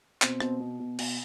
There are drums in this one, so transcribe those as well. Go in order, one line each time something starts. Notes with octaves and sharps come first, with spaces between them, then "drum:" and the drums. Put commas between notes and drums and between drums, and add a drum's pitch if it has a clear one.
B2 C4, drum: clap
B2 C4, drum: rim click
B2
B2
B2, drum: cymbal